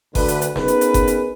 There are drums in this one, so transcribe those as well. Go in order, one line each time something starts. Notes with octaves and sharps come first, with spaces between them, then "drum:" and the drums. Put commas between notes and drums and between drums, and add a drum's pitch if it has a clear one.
D2 D3 B4, drum: kick G1, open hi-hat
drum: hi-hat
drum: hi-hat
B3 C#4 D#4 G#4 A#4 B4, drum: snare
drum: hi-hat
drum: hi-hat
drum: kick G1, hi-hat
drum: hi-hat